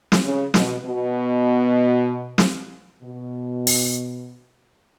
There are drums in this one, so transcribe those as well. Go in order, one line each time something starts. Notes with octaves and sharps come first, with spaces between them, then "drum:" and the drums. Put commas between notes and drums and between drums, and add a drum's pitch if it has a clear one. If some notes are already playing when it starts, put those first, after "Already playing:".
drum: snare
C#3
B2, drum: snare
B2
drum: snare
B2
drum: open hi-hat